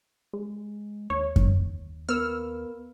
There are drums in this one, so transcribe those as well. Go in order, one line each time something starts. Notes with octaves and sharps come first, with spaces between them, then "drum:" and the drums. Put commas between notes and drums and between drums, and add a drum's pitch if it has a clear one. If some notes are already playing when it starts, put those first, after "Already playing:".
G#3
D#2 C#5
drum: kick F#2
B3 A#4 B4 E6 F6